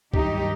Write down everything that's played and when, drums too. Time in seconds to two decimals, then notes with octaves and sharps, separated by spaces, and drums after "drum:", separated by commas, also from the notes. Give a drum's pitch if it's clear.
0.14 G2 D#3 F#3 D#4 G4, drum: kick